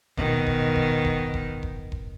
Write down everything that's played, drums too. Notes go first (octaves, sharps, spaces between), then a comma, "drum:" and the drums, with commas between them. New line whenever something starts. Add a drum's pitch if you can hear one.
B2 D#3, drum: kick E1
drum: kick E1
drum: kick E1
drum: kick E1
drum: kick E1
drum: kick E1
drum: kick E1